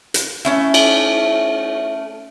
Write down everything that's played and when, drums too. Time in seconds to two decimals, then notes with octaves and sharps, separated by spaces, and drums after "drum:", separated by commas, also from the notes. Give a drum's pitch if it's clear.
0.14 drum: hi-hat
0.45 A3 C#4 E4
0.74 drum: cymbal